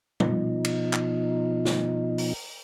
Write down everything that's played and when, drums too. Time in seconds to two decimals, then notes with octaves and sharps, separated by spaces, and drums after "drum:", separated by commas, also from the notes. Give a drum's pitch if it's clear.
0.20 B2 F3 D#4, drum: tom
0.65 drum: cymbal
0.93 drum: clap
1.65 drum: snare
2.18 drum: open hi-hat